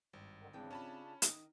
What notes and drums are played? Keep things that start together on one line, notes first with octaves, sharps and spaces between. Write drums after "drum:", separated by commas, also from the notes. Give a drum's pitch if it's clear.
G#1 G2
D3 D#3
C#3 E3 G#3 C4 D4 G5
C#4 F4 G4 D#5 A5 B5
D#3 D#4 D#5, drum: hi-hat